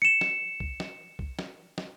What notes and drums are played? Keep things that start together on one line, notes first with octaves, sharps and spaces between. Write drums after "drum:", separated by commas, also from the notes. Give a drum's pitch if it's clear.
C#7 E7
drum: snare
drum: kick C2
drum: snare
drum: kick C2
drum: snare
drum: snare